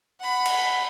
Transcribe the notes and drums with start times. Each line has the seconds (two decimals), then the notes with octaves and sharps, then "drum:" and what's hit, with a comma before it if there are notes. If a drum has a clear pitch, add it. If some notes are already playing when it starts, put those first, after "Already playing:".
0.20 F#5 B5
0.45 drum: cymbal